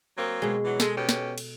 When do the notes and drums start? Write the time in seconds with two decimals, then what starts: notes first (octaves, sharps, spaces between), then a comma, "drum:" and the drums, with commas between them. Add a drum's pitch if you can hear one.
0.18 F#3 A#3 C4
0.42 B2 G#3
0.64 E3 F#3
0.80 G#3 A4, drum: snare
0.97 B2 C#4 G4
1.09 drum: snare
1.38 drum: cymbal